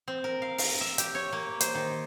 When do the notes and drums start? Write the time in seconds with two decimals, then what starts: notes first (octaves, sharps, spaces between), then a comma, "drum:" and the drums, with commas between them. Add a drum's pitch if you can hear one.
0.08 C4
0.24 A#4
0.42 F5
0.58 F5, drum: open hi-hat
0.81 E5
0.98 G4, drum: hi-hat
1.15 C#5
1.33 A#3
1.60 C5, drum: hi-hat
1.75 D#3